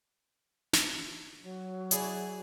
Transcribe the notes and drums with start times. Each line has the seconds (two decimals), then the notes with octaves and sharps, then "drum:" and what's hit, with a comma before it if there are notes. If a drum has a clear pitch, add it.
0.73 drum: snare
1.41 F#3
1.91 E4 G#4 D5, drum: hi-hat